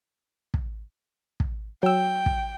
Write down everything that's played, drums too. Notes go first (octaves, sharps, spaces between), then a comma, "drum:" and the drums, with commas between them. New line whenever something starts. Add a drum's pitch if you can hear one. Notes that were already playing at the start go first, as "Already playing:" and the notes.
drum: kick
drum: kick
F#3 G5 E6
drum: kick